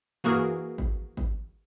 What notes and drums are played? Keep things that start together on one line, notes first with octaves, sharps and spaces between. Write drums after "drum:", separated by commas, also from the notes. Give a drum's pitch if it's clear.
E3 A#3 F#4 G#4 A#4, drum: tom F#2
drum: kick G#1
drum: kick G#1